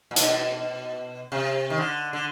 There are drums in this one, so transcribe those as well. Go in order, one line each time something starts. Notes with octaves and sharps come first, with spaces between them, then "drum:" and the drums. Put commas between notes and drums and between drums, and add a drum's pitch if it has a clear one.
A#2
B2, drum: hi-hat
C3
D#3
D3
D3